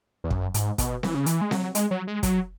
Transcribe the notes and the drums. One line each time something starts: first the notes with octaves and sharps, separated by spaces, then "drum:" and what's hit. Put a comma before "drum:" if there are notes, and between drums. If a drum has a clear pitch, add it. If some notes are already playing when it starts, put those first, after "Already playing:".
E2
F#2, drum: kick
G#2, drum: hi-hat
B2, drum: kick, hi-hat
E3, drum: snare C4
C#3
E3, drum: hi-hat
G#3
F#3, drum: snare C4
G#3, drum: hi-hat
F#3
G#3
F#3, drum: kick, hi-hat